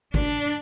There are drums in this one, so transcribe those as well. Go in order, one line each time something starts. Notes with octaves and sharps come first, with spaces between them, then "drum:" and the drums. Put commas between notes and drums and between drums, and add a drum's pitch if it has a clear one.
D4, drum: kick G#1